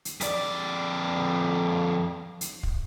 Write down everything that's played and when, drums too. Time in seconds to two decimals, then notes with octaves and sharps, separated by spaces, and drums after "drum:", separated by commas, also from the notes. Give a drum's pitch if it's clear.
0.05 drum: hi-hat
0.21 F2 D5, drum: hi-hat
2.41 drum: hi-hat
2.63 drum: kick